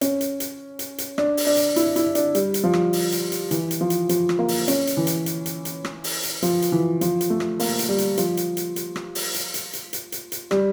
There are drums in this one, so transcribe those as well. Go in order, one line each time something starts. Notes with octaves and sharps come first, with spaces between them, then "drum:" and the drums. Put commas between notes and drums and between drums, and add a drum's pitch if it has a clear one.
C#4, drum: hi-hat
drum: hi-hat
drum: hi-hat
drum: hi-hat
drum: hi-hat
D4, drum: rim click
drum: open hi-hat
D4
drum: hi-hat
E4, drum: hi-hat
E4, drum: hi-hat
D4, drum: hi-hat
G3, drum: hi-hat
drum: hi-hat
F3
drum: rim click
drum: open hi-hat
drum: hi-hat
drum: hi-hat
E3, drum: hi-hat
drum: hi-hat
F3
drum: hi-hat
F3, drum: hi-hat
drum: rim click
A#3
drum: open hi-hat
C#4, drum: hi-hat
drum: hi-hat
E3
drum: hi-hat
drum: hi-hat
drum: hi-hat
drum: hi-hat
drum: rim click
drum: open hi-hat
drum: hi-hat
F3, drum: hi-hat
drum: hi-hat
E3
F3, drum: hi-hat
drum: hi-hat
A3
drum: rim click
A#3, drum: open hi-hat
drum: hi-hat
G3
drum: hi-hat
F3, drum: hi-hat
drum: hi-hat
drum: hi-hat
drum: hi-hat
drum: rim click
drum: open hi-hat
drum: hi-hat
drum: hi-hat
drum: hi-hat
drum: hi-hat
drum: hi-hat
drum: hi-hat
G3, drum: rim click